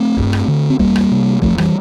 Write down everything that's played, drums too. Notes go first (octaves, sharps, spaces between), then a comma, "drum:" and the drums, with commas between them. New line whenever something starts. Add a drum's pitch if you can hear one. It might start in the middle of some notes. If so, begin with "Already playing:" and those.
Already playing: A3 C4
G2, drum: kick
drum: rim click
D3
C4
E2 G3 A#3, drum: kick
drum: rim click
C3
F2 F3 A3, drum: kick
E3 G3, drum: rim click